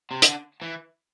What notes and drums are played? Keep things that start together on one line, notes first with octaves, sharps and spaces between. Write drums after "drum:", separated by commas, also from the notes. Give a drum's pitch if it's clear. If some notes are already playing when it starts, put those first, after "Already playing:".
C3
D3, drum: hi-hat
E3